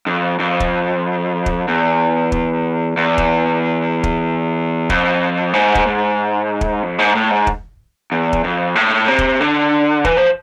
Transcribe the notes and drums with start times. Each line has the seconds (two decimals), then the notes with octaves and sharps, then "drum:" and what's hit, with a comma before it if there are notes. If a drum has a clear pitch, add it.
0.07 F2
0.39 F2
0.60 drum: kick
1.46 drum: kick
1.68 E2
2.32 drum: kick
2.97 E2
3.18 drum: kick
4.04 drum: kick
4.90 F2, drum: kick
5.53 G#2
5.75 drum: kick
5.86 G#2
6.61 drum: kick
6.83 F2
6.99 G#2
7.15 A2
7.30 G#2
7.47 drum: kick
8.12 E2
8.33 drum: kick
8.44 F2
8.75 A2
9.08 C3
9.19 drum: kick
9.41 D3
10.05 E3, drum: kick
10.17 F3